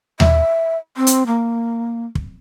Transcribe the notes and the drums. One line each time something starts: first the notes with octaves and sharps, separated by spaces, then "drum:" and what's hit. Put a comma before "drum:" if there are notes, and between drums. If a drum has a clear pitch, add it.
E5, drum: tom D#2
C4
drum: hi-hat
A#3
drum: kick